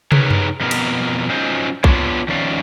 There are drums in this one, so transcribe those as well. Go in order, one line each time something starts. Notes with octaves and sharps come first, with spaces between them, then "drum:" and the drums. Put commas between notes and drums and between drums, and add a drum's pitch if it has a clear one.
D#4 G#4 A#4 B4 C#5, drum: tom
drum: tom F#2
F2 B2 B3 A#4
drum: cymbal
F#3 C#4 D#4 F4 C5
B3 D4 F4 C#5, drum: kick B1
D#3 F3 C#4 D5 F5